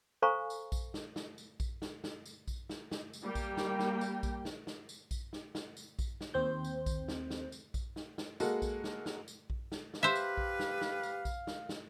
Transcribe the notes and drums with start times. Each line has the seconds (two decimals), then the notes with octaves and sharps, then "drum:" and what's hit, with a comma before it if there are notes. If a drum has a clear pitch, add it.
0.22 A4 C5 F5 G#5 A#5 C#6
0.50 drum: tambourine
0.72 drum: kick A#1, tambourine
0.94 drum: snare
1.16 drum: snare
1.38 drum: tambourine
1.60 drum: kick A#1, tambourine
1.82 drum: snare
2.04 drum: snare
2.26 drum: tambourine
2.48 drum: kick A#1, tambourine
2.69 drum: snare
2.91 drum: snare
3.13 drum: tambourine
3.23 G3 A#3 G5
3.35 drum: kick A#1, tambourine
3.57 drum: snare
3.79 drum: snare
4.01 drum: tambourine
4.23 drum: kick A#1, tambourine
4.45 drum: snare
4.67 drum: snare
4.89 drum: tambourine
5.11 drum: kick A#1, tambourine
5.33 drum: snare
5.55 drum: snare
5.77 drum: tambourine
5.99 drum: kick A#1, tambourine
6.21 drum: snare
6.34 D#2 C4 C5 G6
6.64 drum: tambourine
6.86 drum: kick A#1, tambourine
7.08 drum: snare
7.30 drum: snare
7.52 drum: tambourine
7.74 drum: kick A#1, tambourine
7.96 drum: snare
8.18 drum: snare
8.40 G#3 A#3 F#4 A4, drum: tambourine
8.62 drum: kick A#1, tambourine
8.84 drum: snare
9.06 drum: snare
9.28 drum: tambourine
9.50 drum: kick A#1
9.72 drum: snare
9.94 drum: snare
10.03 G4 B4 C5 E5 F5
10.16 drum: tambourine
10.37 drum: kick A#1
10.59 drum: snare
10.81 drum: snare
11.03 drum: tambourine
11.25 drum: kick A#1, tambourine
11.47 drum: snare
11.69 drum: snare